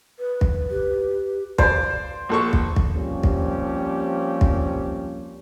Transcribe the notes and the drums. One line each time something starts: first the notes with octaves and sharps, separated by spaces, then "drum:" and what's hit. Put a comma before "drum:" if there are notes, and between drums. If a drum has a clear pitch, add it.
B4
drum: kick
G4
C5 D5, drum: kick
A#1 A4 C#6
drum: kick
drum: kick
F3 G3 A#3 C4 C#4 G4
drum: kick
drum: kick